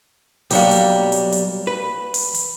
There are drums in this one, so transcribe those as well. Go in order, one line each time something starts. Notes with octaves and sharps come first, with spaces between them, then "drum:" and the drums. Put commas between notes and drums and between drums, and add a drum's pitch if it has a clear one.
B1 F#3 G3 A#3 D4 G4, drum: open hi-hat
drum: hi-hat
drum: hi-hat
drum: hi-hat
B4
drum: open hi-hat
drum: hi-hat